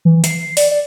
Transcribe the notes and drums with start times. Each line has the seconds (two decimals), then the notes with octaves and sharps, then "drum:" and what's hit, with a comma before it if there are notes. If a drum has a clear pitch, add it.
0.05 E3
0.24 C7, drum: hi-hat
0.57 D5, drum: open hi-hat
0.71 D5